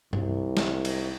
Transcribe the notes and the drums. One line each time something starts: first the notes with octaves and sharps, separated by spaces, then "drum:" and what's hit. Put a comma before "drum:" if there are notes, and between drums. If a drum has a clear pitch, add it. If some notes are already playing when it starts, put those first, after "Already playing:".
C2, drum: tom G2
drum: snare
drum: cymbal